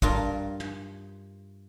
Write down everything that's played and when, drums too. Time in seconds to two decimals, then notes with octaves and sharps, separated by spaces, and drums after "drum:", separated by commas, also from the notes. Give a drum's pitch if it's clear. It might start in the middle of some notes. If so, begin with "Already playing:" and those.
0.02 G2 F4 A#4, drum: kick
0.60 drum: tom